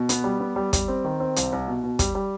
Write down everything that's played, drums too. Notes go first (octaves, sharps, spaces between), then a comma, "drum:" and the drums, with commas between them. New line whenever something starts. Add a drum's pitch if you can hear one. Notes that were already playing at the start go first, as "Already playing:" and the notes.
Already playing: B2
B3, drum: hi-hat
G3
B3
G3
G3, drum: kick, hi-hat
C4
D#3
C4
C2, drum: hi-hat
C2
B2
B2
G3, drum: kick, hi-hat
G3